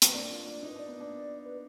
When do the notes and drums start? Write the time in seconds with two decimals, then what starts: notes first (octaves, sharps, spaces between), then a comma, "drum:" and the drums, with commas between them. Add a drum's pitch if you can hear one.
0.02 B4, drum: hi-hat
0.13 A#3 D4 D5
0.30 D4 F4
0.46 A#3 D4
0.63 D#4
0.69 B4
0.76 D4 D5
0.88 B3
1.00 A#3 D4
1.45 B4